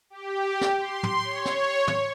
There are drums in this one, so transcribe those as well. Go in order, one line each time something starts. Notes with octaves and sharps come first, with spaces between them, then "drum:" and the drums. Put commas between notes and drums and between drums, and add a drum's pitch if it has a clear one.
G4
drum: snare
C6
drum: tom
C#5
drum: snare
drum: tom